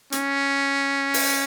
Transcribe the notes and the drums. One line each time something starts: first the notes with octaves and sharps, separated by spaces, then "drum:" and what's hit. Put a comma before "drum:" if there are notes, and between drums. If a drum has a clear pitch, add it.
C#4, drum: hi-hat
drum: open hi-hat